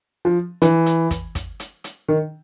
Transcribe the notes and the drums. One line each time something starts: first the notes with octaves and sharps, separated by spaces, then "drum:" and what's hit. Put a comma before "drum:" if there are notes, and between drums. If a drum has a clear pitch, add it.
F3
E3, drum: hi-hat
drum: hi-hat
drum: kick, hi-hat
drum: kick, hi-hat
drum: hi-hat
drum: hi-hat
D#3